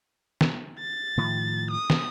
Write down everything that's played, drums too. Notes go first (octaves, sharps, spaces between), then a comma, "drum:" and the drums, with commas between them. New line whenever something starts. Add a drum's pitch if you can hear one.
drum: snare
A6
A2 D#3 F3
D#6
drum: snare